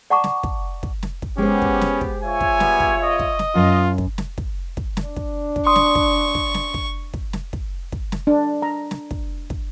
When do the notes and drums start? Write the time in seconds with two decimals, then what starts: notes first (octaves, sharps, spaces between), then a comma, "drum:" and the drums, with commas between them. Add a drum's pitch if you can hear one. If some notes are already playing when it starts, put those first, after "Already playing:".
0.10 D5 F#5 A5 A#5 C#6 D6
0.24 drum: snare
0.43 drum: kick
0.83 drum: kick
1.03 drum: snare
1.22 drum: kick
1.38 G#3 B3 C#4 G4 C5
1.62 drum: kick
1.81 drum: snare
2.01 drum: kick
2.24 F4 C#5 E5 G#5
2.41 drum: kick
2.60 G3 B3, drum: snare
2.80 drum: kick
3.03 D#5
3.19 drum: kick
3.39 drum: snare
3.55 F#2 F4
3.98 drum: kick
4.18 drum: snare
4.38 drum: kick
4.77 drum: kick
4.97 drum: snare
5.06 D4
5.16 drum: kick
5.56 drum: kick
5.67 C6 C#6 D#6
5.76 drum: snare
5.95 drum: kick
6.35 drum: kick
6.54 drum: snare
6.74 drum: kick
7.14 drum: kick
7.33 drum: snare
7.53 drum: kick
7.92 drum: kick
8.12 drum: snare
8.27 D4
8.62 A#5
8.91 drum: snare
9.11 drum: kick
9.50 drum: kick